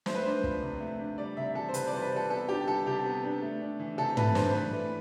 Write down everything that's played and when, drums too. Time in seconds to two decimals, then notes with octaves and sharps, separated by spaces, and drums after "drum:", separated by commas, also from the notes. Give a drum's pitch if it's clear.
0.06 A3 C5, drum: snare
0.15 B4
0.24 D4 C5
0.44 F3, drum: kick
0.62 C3
0.81 A3
0.99 D4
1.18 G3 D5
1.37 C3 E5
1.55 E3 A4
1.69 C5
1.74 C3 B4, drum: hi-hat
1.87 D5
1.93 G3 C5
2.02 B4
2.12 C3 A4
2.30 B3 A4
2.48 D4 G4
2.67 G3 A4
2.86 C3 G4
3.05 B3
3.24 D4
3.42 A3
3.61 D4
3.80 E3
3.98 C3 A4
4.17 A3 B4, drum: tom
4.35 D4 C5, drum: snare
4.54 E3 B4
4.73 A3